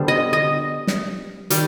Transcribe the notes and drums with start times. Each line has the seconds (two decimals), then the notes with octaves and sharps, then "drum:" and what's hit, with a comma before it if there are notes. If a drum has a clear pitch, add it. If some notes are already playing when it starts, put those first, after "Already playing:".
Already playing: D3 G3 B3 D4 C5
0.08 D#5
0.33 D#5
0.87 drum: snare
1.50 D#3 G3, drum: hi-hat